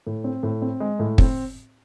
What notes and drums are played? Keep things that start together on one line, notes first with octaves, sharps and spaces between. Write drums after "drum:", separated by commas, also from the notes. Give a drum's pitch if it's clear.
A2
C4
A2
C4
G#3
A2
C4, drum: kick